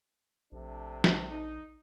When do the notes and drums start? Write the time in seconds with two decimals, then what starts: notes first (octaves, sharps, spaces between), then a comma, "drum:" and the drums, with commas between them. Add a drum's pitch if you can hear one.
0.52 A#1 C3 A3 D4
1.04 drum: snare
1.30 D#4